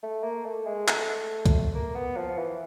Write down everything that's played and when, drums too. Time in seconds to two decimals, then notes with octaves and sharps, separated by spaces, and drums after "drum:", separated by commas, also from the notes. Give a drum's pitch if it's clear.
0.03 A3
0.23 A#3
0.46 A3
0.67 G#3
0.88 A3, drum: clap
1.46 drum: kick, hi-hat
1.75 A#3
1.95 B3
2.17 F3
2.38 E3